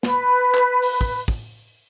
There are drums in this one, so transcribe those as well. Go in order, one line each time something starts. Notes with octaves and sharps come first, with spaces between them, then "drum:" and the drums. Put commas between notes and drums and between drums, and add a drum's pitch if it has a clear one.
B4, drum: snare
drum: clap
drum: open hi-hat
drum: kick
drum: kick